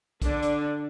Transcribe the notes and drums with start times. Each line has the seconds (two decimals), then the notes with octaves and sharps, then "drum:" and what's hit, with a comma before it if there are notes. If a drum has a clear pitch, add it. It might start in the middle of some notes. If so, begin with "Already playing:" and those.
0.22 D3 D4, drum: kick, hi-hat
0.42 drum: hi-hat